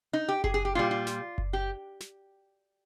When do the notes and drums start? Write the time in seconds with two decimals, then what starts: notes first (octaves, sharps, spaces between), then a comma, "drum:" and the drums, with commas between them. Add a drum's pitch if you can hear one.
0.13 D#4
0.29 G4
0.44 G#4, drum: kick F#1
0.54 G#4
0.65 G4
0.75 A#2 G3 F4
0.91 F4
1.07 drum: snare
1.38 drum: kick F#1
1.53 G4
2.00 drum: snare